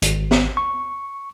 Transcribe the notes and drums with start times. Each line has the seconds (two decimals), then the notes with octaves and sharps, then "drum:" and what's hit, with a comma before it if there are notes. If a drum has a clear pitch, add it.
0.02 G#1, drum: hi-hat
0.31 drum: snare
0.57 C#6